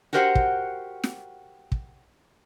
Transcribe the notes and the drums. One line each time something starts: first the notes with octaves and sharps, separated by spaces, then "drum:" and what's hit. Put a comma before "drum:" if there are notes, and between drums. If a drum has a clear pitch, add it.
F#4 G4 A#4 C5 D5 F#5
drum: kick
drum: snare
drum: kick